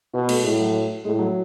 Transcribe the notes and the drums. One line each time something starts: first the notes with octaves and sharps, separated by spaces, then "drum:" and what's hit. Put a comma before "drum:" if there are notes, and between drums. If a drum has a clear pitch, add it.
B2 F#4
A3, drum: cymbal
A2 G#3
F#3
A2 G#3
F#3